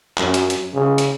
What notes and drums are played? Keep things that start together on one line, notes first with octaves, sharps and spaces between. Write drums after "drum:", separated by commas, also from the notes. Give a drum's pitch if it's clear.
F#2, drum: clap
drum: hi-hat
drum: hi-hat
C#3
drum: hi-hat